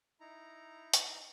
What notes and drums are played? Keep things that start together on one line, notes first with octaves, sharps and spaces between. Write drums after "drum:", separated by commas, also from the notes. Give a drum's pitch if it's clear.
D#4 E4 A#5
drum: hi-hat